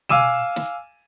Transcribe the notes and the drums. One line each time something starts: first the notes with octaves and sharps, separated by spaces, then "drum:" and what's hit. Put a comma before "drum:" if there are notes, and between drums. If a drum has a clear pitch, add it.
F5 G#5 D6 E6 D#7 E7, drum: tom B2
drum: snare